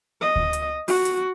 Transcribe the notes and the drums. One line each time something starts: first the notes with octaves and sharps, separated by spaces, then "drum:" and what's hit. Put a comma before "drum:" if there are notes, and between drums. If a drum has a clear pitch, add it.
D#5
drum: kick D2
drum: hi-hat
F#4, drum: open hi-hat
drum: hi-hat